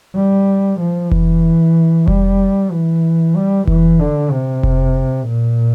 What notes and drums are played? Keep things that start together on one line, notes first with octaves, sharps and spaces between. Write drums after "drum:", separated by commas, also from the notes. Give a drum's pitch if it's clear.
G3
F3
E3, drum: kick F1
G3, drum: kick F1
E3
G3
E3, drum: kick F1
D3
C3
drum: kick F1
A#2